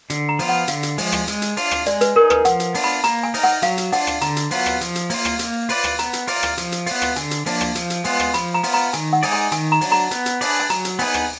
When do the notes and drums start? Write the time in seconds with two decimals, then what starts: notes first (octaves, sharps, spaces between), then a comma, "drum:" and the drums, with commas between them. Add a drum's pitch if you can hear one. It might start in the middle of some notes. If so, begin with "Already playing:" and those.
0.10 D3, drum: hi-hat
0.29 A#5
0.39 F3 B3 F4, drum: open hi-hat
0.49 F#5
0.68 D3 F5, drum: hi-hat
0.83 drum: hi-hat
0.98 F3 G#3, drum: open hi-hat
1.12 drum: rim click
1.28 G#3, drum: hi-hat
1.42 drum: hi-hat
1.57 D4 F4, drum: open hi-hat
1.71 drum: rim click
1.86 G#3 D5, drum: hi-hat
2.01 B4, drum: hi-hat
2.16 D#4 G#4 A#4
2.30 B4, drum: rim click
2.45 F3 F#5, drum: hi-hat
2.60 drum: hi-hat
2.74 B3 D4 F4, drum: open hi-hat
2.84 B5
3.04 A#3 A#5, drum: hi-hat
3.23 G#5
3.34 D#4 A#4, drum: open hi-hat
3.44 F#5
3.62 F#3 F5, drum: hi-hat
3.78 drum: hi-hat
3.92 D4 F4 F#5, drum: open hi-hat
4.07 drum: rim click
4.21 D3 A#5, drum: hi-hat
4.36 drum: hi-hat
4.51 F#3 B3 F4, drum: open hi-hat
4.66 drum: rim click
4.81 F3, drum: hi-hat
4.95 drum: hi-hat
5.10 A#3 F4, drum: open hi-hat
5.25 drum: rim click
5.39 A#3, drum: hi-hat
5.69 F4 B4 D5, drum: open hi-hat
5.84 drum: rim click
5.99 B3 A#5, drum: hi-hat
6.13 drum: hi-hat
6.27 F4 A#4 D5, drum: open hi-hat
6.43 drum: rim click
6.58 F3, drum: hi-hat
6.72 drum: hi-hat
6.86 B3 F4, drum: open hi-hat
7.02 drum: rim click
7.16 D3 G#5, drum: hi-hat
7.31 drum: hi-hat
7.46 F3 A#3 D4, drum: open hi-hat
7.61 drum: rim click
7.75 F3, drum: hi-hat
7.90 drum: hi-hat
8.04 G#3 B3 F4, drum: open hi-hat
8.20 drum: rim click
8.34 F3 B5, drum: hi-hat
8.54 A#5
8.63 B3 F4, drum: open hi-hat
8.74 A#5
8.93 D#3 G#5, drum: hi-hat
9.13 F#5
9.23 G#3 D#4 G#4 D5, drum: open hi-hat
9.33 G#5
9.52 D#3 G#5, drum: hi-hat
9.72 A#5
9.81 F#3 D4, drum: open hi-hat
9.92 A#5
10.11 B3, drum: hi-hat
10.26 drum: hi-hat
10.41 D4 G#4 B4 D5, drum: open hi-hat
10.60 G#5
10.70 F#3 A#5, drum: hi-hat
10.85 drum: hi-hat
10.99 B3 D#4 G#4 B4 G#5, drum: open hi-hat
11.14 drum: rim click